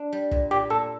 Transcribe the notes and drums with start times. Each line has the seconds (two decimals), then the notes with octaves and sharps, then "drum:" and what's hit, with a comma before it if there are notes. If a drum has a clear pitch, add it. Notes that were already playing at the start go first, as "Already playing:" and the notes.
Already playing: D4
0.12 G3
0.31 A#2, drum: kick
0.51 A#2 G4
0.70 A#2 A4